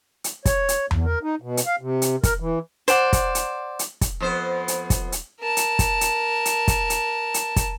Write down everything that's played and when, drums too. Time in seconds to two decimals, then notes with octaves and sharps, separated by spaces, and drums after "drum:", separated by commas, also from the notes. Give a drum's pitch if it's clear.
0.24 drum: hi-hat
0.45 C#5, drum: kick, hi-hat
0.69 drum: hi-hat
0.91 E2, drum: tom E2
1.05 A#4
1.23 D#4
1.42 B2
1.57 drum: hi-hat
1.67 F5
1.81 C3
2.02 drum: hi-hat
2.23 A#4, drum: kick, hi-hat
2.40 E3
2.88 C5 D5 F#5, drum: hi-hat
3.13 drum: kick, hi-hat
3.35 drum: hi-hat
3.79 drum: hi-hat
4.01 drum: kick, hi-hat
4.20 F2 B3 C5
4.68 drum: hi-hat
4.90 drum: kick, hi-hat
5.12 drum: hi-hat
5.40 A#4 A5
5.57 drum: hi-hat
5.79 drum: kick, hi-hat
6.01 drum: hi-hat
6.45 drum: hi-hat
6.68 drum: kick, hi-hat
6.90 drum: hi-hat
7.34 drum: hi-hat
7.56 drum: kick, hi-hat